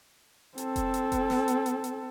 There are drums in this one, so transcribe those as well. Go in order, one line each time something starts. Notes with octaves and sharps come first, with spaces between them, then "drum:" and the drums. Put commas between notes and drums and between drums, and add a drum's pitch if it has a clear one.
C4 A4, drum: hi-hat
drum: kick F1, hi-hat
drum: hi-hat
drum: kick F1, hi-hat
drum: snare
drum: hi-hat
drum: hi-hat
drum: hi-hat